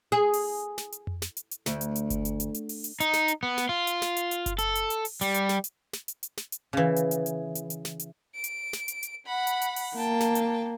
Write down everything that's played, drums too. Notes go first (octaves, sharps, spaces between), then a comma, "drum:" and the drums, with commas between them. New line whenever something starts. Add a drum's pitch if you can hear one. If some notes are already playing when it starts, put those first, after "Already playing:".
G#4
drum: open hi-hat
drum: snare
drum: hi-hat
drum: tom F2
drum: snare
drum: hi-hat
drum: hi-hat
D2, drum: snare
drum: hi-hat
drum: hi-hat
drum: kick F#1, hi-hat
drum: hi-hat
drum: hi-hat
drum: hi-hat
drum: open hi-hat
drum: hi-hat
D#4, drum: hi-hat
drum: snare
drum: hi-hat
B3
drum: snare
F4
drum: hi-hat
drum: snare
drum: hi-hat
drum: hi-hat
drum: kick F#1, hi-hat
A4, drum: hi-hat
drum: hi-hat
drum: hi-hat
drum: open hi-hat
G3, drum: hi-hat
drum: hi-hat
drum: snare
drum: hi-hat
drum: snare
drum: hi-hat
drum: hi-hat
drum: snare
drum: hi-hat
C#3 E3
drum: hi-hat
drum: hi-hat
drum: hi-hat
drum: hi-hat
drum: hi-hat
drum: snare
drum: hi-hat
D7
drum: hi-hat
drum: snare
drum: hi-hat
drum: hi-hat
F#5 B5
drum: hi-hat
drum: hi-hat
drum: open hi-hat
A#3 G5 A5
drum: snare
drum: hi-hat